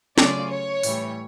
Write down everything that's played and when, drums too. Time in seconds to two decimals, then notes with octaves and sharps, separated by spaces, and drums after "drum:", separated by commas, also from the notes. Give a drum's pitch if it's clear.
0.18 C#3 F#3 A3 C#4 F4 D5, drum: snare
0.51 C#5
0.83 A2 E3 G3, drum: open hi-hat